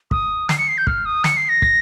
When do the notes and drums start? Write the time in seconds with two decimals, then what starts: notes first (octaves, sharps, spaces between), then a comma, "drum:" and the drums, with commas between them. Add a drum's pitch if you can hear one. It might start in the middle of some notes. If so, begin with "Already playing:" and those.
0.11 D#6, drum: kick
0.49 C7, drum: snare
0.58 C#7
0.68 C7
0.78 G6
0.87 F6, drum: kick
1.06 D#6
1.24 C#7, drum: snare
1.37 C7
1.49 A#6
1.62 drum: kick